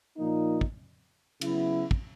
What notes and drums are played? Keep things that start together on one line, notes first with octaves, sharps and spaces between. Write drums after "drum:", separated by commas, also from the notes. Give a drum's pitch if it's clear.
A#2 F3 A#3 D#4
drum: kick
C#3 F#3 B3 E4, drum: cymbal
drum: kick